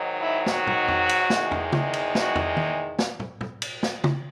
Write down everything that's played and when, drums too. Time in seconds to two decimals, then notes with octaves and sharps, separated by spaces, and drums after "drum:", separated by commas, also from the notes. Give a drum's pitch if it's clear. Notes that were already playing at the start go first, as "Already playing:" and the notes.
Already playing: G#2 D#3 F#3
0.18 E4
0.46 F#4, drum: snare
0.67 drum: tom
0.88 drum: tom
1.09 drum: cymbal
1.30 E2 D#3 G#3, drum: snare
1.51 drum: tom
1.72 drum: tom C#3
1.93 drum: cymbal
2.15 F#4, drum: snare
2.35 drum: tom
2.57 drum: tom D#3
2.99 drum: snare
3.20 drum: tom
3.41 drum: tom
3.62 drum: cymbal
3.83 drum: snare
4.04 drum: tom C#3